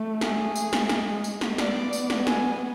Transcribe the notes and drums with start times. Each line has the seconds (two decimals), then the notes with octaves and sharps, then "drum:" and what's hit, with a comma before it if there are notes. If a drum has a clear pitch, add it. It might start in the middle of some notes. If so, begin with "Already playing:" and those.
Already playing: A3
0.21 G#4, drum: snare
0.56 drum: tambourine
0.73 drum: snare
0.89 G#3, drum: snare
1.24 drum: tambourine
1.41 drum: snare
1.58 B3 D5, drum: snare
1.93 drum: tambourine
2.10 drum: snare
2.27 G#5, drum: snare